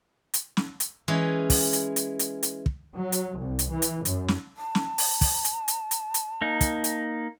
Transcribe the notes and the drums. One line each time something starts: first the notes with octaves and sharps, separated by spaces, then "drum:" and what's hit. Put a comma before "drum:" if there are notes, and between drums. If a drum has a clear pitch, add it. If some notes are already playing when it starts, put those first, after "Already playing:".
drum: hi-hat
drum: snare
drum: hi-hat
E3 G#3 C#4
drum: kick, open hi-hat
drum: hi-hat
drum: hi-hat
drum: hi-hat
drum: hi-hat
drum: kick
F#3
drum: hi-hat
C2
drum: hi-hat
E3
drum: hi-hat
F#2, drum: hi-hat
drum: snare
A5
drum: snare
drum: open hi-hat
drum: kick, open hi-hat
drum: hi-hat
drum: hi-hat
drum: hi-hat
drum: hi-hat
A#3 D#4
drum: kick, hi-hat
drum: hi-hat